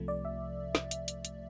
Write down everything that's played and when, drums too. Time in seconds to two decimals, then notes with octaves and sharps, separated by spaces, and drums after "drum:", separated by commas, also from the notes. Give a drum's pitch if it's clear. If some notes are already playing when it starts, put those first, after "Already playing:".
Already playing: C2 C3 F3 A3
0.08 D5
0.25 E5
0.75 drum: snare
0.91 drum: hi-hat
1.08 drum: hi-hat
1.25 drum: hi-hat